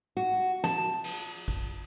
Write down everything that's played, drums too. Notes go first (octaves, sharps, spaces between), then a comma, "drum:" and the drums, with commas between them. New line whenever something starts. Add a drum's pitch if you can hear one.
F#4
A5, drum: tom
drum: cymbal
drum: kick A1